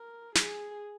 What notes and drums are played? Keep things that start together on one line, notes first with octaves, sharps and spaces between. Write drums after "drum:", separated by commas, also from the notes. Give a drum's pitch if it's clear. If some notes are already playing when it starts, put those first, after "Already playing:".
Already playing: A#4
G#4, drum: snare